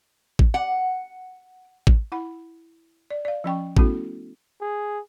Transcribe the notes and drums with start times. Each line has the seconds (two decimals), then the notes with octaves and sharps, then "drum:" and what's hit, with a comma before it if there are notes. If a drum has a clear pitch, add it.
0.39 drum: kick A1
0.54 F#5
1.87 drum: kick A1
2.12 E4 F#5 B5
3.10 D5
3.25 D5 F5
3.44 F3 C#4 G5 C#6
3.77 A3 B3 C#4 E4 F#4 A4, drum: kick A1
4.61 G#4